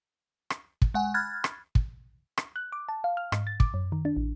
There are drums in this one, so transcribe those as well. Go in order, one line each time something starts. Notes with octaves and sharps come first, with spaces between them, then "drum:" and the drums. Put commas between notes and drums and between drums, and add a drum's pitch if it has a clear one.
drum: rim click
drum: kick
G#3 F#5 G#5
B5 F6 F#6 G#6 A6
drum: rim click
drum: kick
drum: rim click
F#6
D6
A5
F5
F6
G#2, drum: rim click
A6
D6, drum: kick
F#2
D#3
D4
A1